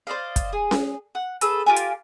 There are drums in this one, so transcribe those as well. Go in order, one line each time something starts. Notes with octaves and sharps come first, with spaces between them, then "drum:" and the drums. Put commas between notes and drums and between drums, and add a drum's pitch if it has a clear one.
C5 D5 D#5 F5
drum: kick, hi-hat
G#4
drum: snare C#4
F#5
G#4 A4 B4 E6, drum: hi-hat
F4 G4 G#5
drum: hi-hat